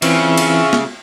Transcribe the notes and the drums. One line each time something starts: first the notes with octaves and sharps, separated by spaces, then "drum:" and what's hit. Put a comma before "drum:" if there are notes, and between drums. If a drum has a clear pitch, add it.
C#3 E3 C4 C#4 E4 F4 E5, drum: cymbal
drum: cymbal
drum: snare